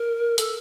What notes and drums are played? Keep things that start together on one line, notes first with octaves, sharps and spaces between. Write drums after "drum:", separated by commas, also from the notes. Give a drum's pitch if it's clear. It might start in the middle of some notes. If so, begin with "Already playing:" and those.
Already playing: A#4
A4, drum: hi-hat